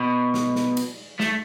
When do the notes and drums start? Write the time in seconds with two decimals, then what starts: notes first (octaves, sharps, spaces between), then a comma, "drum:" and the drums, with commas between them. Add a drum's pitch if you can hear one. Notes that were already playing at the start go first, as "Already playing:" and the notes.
Already playing: B2
0.34 drum: snare
0.55 drum: snare
0.77 drum: cymbal
1.20 A3, drum: snare